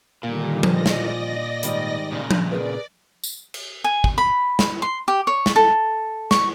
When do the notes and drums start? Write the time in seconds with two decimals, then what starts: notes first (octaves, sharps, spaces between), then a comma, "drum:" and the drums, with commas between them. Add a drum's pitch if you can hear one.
0.23 A#2 D3 D#3 G3 A#3
0.63 F3 D5 D#5 A#6, drum: tom F3
0.86 drum: snare
1.63 G#2 D#3 G3, drum: hi-hat
2.12 A#2 C#3
2.31 drum: tom F3
2.51 G#4 A#4 B4 D5
3.24 drum: tambourine
3.54 drum: cymbal
3.84 G#5
4.04 drum: kick
4.18 B5
4.59 drum: snare
4.82 C6
5.08 G4
5.27 C#5
5.46 drum: snare
5.56 A4
6.31 C#6, drum: snare